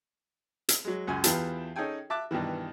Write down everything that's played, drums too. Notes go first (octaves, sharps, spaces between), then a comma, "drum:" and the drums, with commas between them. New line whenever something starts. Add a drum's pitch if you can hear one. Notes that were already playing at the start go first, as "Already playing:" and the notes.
drum: hi-hat
F#3 G#3
C#2 F#2 G#5
E2 E3 F4 G4 A5, drum: hi-hat
C#4 D#4 G#4 A4 G5 G#5
E5 A5 D6 F#6
G2 B2 D#3 E3